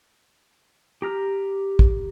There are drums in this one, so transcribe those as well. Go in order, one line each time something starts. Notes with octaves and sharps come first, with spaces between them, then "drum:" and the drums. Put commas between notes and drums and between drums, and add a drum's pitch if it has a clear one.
G4 A#5 F6
drum: kick